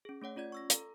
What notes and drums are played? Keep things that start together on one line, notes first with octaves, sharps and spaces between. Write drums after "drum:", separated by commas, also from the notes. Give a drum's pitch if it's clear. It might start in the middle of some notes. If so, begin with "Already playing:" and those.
C#4 G#4
A3 C#4 C#5 F#5
C#4 F4 D5 G#6
C#6 E6 A#6
A4 A#5, drum: hi-hat